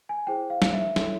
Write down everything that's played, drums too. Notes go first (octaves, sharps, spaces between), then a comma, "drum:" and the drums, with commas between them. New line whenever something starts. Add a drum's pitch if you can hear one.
G#5
E4 G#4 C5 G5
F5
drum: snare
E5
E4 A4 C#5, drum: snare